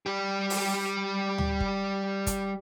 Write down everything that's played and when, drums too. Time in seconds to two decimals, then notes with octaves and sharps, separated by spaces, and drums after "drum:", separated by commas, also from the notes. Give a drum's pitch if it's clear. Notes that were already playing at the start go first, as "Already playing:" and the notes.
0.06 G3 G4
0.50 drum: open hi-hat
1.38 drum: tom D2
1.60 drum: kick
2.27 drum: kick, hi-hat